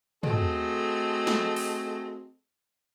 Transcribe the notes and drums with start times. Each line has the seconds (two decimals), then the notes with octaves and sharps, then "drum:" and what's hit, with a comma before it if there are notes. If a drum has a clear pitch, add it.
0.23 A3 C4 F#4 G#4 A4 D#5, drum: tom
1.27 drum: snare
1.56 drum: open hi-hat